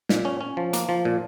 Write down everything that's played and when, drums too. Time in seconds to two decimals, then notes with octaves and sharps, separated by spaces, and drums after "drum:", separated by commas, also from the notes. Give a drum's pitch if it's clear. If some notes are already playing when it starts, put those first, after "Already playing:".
0.09 A#2, drum: snare
0.25 C#4
0.41 C#4
0.57 F3
0.73 A#3, drum: hi-hat
0.89 F3
1.05 A#2